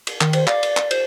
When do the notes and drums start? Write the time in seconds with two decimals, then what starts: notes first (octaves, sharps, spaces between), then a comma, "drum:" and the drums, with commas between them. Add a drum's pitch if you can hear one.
0.07 drum: cymbal
0.21 D#3, drum: clap
0.33 C5, drum: cymbal
0.47 D5 F5, drum: clap
0.63 drum: cymbal
0.77 drum: clap
0.91 C5, drum: cymbal